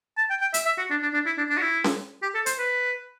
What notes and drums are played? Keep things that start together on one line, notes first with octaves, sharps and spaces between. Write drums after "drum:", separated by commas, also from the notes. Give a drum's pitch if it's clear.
A5
G5
G5
E5, drum: hi-hat
E5
F#4
D4
D4
D4
E4
D4
D4
F#4
E4
drum: snare C#4
G4
A4
C5, drum: hi-hat
B4